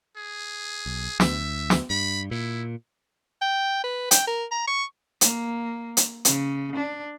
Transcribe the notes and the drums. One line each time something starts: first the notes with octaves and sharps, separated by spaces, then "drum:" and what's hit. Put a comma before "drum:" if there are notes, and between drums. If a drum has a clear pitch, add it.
G#4
B1
D2 E5, drum: snare
drum: snare
G2 B5
A#2 E4
G5
B4
G5, drum: hi-hat
A#4
A#5
C#6
A#3, drum: hi-hat
drum: hi-hat
C#3, drum: hi-hat
D4